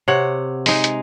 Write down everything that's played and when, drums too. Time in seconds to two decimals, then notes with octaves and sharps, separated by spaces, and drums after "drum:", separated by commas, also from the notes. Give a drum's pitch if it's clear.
0.08 C3 C#5 F#5
0.66 G#3 D#4, drum: open hi-hat
0.84 drum: hi-hat